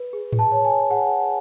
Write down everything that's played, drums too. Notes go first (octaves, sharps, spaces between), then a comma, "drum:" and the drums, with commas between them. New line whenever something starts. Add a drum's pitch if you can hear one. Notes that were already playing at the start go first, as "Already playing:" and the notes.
Already playing: B4
G#4
G#4, drum: tom G#2
A5
C#5
G#5
C#5
G#4 F#5
G#4